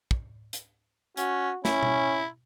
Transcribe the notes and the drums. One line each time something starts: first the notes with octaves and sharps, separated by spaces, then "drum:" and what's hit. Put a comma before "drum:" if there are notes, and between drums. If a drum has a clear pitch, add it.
drum: kick
drum: hi-hat
C#4 F#4, drum: hi-hat
C#4 E4, drum: snare
drum: tom B2